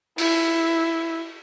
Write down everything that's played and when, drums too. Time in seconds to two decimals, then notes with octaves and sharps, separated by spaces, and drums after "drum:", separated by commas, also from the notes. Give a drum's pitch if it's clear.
0.18 E4, drum: open hi-hat